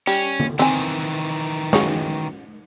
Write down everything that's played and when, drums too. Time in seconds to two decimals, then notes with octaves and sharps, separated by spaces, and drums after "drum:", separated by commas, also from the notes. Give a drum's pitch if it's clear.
0.07 G3 C#4, drum: hi-hat
0.40 drum: tom D3
0.59 D#3 E3 C4 G#5, drum: hi-hat
1.73 C#3 F#3 G#3, drum: snare